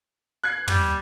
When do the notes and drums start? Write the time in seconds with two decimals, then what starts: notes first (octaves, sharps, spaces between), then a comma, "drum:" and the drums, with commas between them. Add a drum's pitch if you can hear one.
0.44 F#6 G#6 C7
0.68 G3, drum: tom